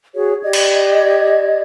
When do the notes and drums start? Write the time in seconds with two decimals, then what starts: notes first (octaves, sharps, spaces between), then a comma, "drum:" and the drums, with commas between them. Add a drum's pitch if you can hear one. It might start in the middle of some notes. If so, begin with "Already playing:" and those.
0.15 F#4 G#4 C#5
0.42 G4 D5 D#5 G#6
0.53 drum: cymbal